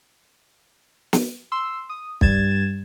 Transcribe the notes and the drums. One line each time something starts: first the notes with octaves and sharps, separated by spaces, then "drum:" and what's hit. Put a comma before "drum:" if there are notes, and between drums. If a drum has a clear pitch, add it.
drum: snare
C6 E6
D#6
G2 G3 G#6 A6 E7, drum: kick